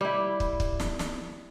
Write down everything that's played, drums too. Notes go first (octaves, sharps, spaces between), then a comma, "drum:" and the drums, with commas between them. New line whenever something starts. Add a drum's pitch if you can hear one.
G3 E4
drum: kick
drum: kick
drum: snare
drum: snare